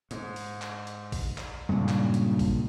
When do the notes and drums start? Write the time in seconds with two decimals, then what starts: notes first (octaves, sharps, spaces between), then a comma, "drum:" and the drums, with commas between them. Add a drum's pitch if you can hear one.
0.11 G#2, drum: hi-hat
0.36 drum: open hi-hat
0.62 drum: clap
0.87 drum: hi-hat
1.12 drum: kick, open hi-hat
1.38 drum: clap
1.69 G2 A#2 C#3 G#3
1.89 drum: clap
2.14 drum: hi-hat
2.39 drum: kick, open hi-hat